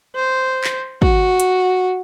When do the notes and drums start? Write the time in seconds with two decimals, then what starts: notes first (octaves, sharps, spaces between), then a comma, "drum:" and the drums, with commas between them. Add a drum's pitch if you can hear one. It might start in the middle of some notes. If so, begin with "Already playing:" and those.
0.16 C5
0.64 drum: clap
1.02 F#4, drum: kick
1.40 drum: hi-hat